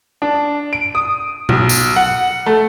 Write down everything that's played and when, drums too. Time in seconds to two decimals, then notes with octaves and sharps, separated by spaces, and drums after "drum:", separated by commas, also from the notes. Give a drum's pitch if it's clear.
0.22 D4
0.73 D7
0.95 D#6
1.49 B1, drum: tom B2
1.69 drum: tambourine
1.96 F#5
2.46 A3